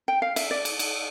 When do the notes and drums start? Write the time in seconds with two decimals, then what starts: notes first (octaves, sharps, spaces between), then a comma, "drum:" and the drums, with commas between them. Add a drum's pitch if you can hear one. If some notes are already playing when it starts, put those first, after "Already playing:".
0.08 G5
0.22 F5
0.36 E5, drum: cymbal
0.51 D5
0.65 drum: cymbal
0.79 drum: cymbal